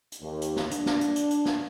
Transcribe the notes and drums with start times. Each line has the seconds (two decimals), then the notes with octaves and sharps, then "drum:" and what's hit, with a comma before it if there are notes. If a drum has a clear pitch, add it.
0.12 drum: hi-hat
0.22 D#2
0.42 drum: hi-hat
0.56 drum: snare
0.71 D4, drum: hi-hat
0.86 drum: snare
1.01 drum: hi-hat
1.16 drum: hi-hat
1.31 drum: hi-hat
1.45 drum: snare